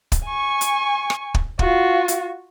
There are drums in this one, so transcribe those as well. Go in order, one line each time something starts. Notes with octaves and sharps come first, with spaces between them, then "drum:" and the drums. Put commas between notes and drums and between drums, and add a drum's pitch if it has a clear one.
drum: kick, hi-hat
G#5 C#6
drum: hi-hat
drum: rim click
drum: kick
F4 F#4, drum: kick
drum: hi-hat